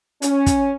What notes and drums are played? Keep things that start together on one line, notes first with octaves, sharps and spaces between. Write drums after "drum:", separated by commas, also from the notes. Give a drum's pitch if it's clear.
C#4, drum: hi-hat
drum: kick, hi-hat